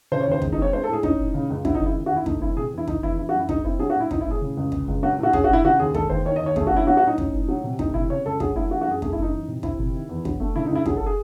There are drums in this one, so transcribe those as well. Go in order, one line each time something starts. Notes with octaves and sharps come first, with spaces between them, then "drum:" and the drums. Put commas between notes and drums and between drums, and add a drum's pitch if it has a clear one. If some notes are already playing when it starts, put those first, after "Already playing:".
C#3 C5
C#5
D#2 C5
G#3, drum: kick
D#4
C4 C#5
G#3 C5
A4
A2 G#4
C#4 D#4, drum: kick
A2
C#3
C#2
F#3 E4, drum: kick
D#4
C#2
E4
D#3
F#4
D#2
E4
A3 D#4, drum: kick
C4 E4
C3 G#4
E2
E4
D#3 D#4, drum: kick
E2 E4
E3 E4
F#4
F#2
E4
G#3 D#4, drum: kick
C4 E4
F#3 G#4
F#4
A2
E4
C4 D#4, drum: kick
E4
A2 G#4
C#3
C#2
G#3, drum: kick
C#2
F#3 F#4
A2 F#4
C#4 G#4, drum: kick
F#4
A2 E4
C#3 F#4
D#2 G#4
G#3 A4, drum: kick
D#2 C5
D#3 C#5
D#5
D#2
C#5
A3 G#4, drum: kick
F#4
C#4 E4
F#3 F#4
F#4
A2 D#4
C#4, drum: kick
A2
F#3
C3
A3 D#4, drum: kick
C3 E4
C#3 C#5
C#2 A4
F#3 G#4, drum: kick
A3 E4
E3 F#4
F#4
F#2 G#4
A3 G#4, drum: kick
E4
F#2
D#4
E3
C3
C4 E4, drum: kick
C3
D#3
E2
F#3, drum: kick
A3
C#3 E4
D#4
C#2 E4
F#3 G#4, drum: kick
A4
G#4